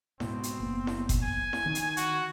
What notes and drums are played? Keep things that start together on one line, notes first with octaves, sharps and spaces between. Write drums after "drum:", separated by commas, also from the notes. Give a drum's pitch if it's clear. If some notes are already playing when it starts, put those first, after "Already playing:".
G#2 B2 C4, drum: snare E4
drum: hi-hat
F#1 A#3 B3
drum: snare E4
drum: kick F#1, hi-hat
G#5
drum: snare E4
D#3
drum: hi-hat
F#4, drum: hi-hat